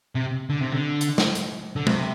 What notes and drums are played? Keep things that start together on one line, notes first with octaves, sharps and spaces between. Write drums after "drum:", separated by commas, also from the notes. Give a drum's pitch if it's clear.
C3
D3
C3
D3
drum: hi-hat
drum: snare
drum: hi-hat
D3
C3, drum: tom G#3